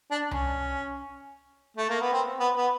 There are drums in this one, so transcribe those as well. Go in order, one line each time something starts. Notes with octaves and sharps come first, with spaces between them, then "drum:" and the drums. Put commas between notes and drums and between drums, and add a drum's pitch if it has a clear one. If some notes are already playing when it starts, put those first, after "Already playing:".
D4
C#4, drum: tom C2
A3
A#3
B3
C4
B3
B3